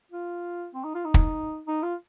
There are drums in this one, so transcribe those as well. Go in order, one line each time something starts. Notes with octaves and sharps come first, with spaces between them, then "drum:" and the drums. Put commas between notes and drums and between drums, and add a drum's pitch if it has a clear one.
F4
C4
D#4
F4
D#4
drum: kick
D#4
F4